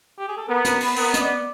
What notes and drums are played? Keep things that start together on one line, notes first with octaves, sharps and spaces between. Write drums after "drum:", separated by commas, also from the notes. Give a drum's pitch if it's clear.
G4
G#4
A4
B3 A#4
A#4, drum: hi-hat
B4, drum: open hi-hat
B3 A#4, drum: open hi-hat
D#5, drum: hi-hat
D5